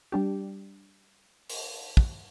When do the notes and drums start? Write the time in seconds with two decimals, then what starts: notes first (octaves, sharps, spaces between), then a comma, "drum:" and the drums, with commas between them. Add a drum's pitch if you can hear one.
0.12 G3 D4 G4
1.50 drum: open hi-hat
1.97 drum: kick